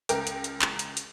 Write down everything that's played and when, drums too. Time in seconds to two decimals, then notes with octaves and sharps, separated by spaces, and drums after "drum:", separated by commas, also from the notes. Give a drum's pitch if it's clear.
0.09 C#2 A#4 G5, drum: hi-hat
0.27 drum: hi-hat
0.44 drum: hi-hat
0.62 drum: clap
0.79 drum: hi-hat
0.97 drum: hi-hat